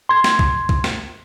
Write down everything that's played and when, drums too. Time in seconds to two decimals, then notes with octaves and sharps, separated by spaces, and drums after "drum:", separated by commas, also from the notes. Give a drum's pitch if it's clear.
0.09 C6 G#6
0.24 drum: snare
0.39 drum: kick B1
0.69 drum: kick B1
0.84 drum: snare